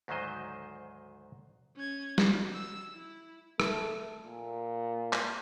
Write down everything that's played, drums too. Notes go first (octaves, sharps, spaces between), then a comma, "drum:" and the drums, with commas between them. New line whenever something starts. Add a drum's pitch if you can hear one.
D2 G#2 D#3 F#3 C5 D#5
C#4 G#6
F#4 G4, drum: snare
E6
E4
A3, drum: rim click
A#2
drum: clap